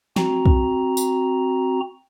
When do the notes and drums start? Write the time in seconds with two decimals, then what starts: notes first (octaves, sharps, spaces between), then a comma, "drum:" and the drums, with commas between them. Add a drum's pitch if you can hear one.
0.16 C4 F#4 A#5, drum: snare
0.46 drum: kick
0.97 drum: tambourine